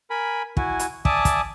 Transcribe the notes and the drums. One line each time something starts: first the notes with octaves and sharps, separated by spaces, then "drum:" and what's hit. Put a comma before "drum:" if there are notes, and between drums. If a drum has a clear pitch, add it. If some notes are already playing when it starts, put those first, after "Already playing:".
A#4 G#5 B5
E4 F#4 G#5, drum: kick
drum: hi-hat
D5 E5 G#5 A5 D6 D#6, drum: kick
drum: kick, hi-hat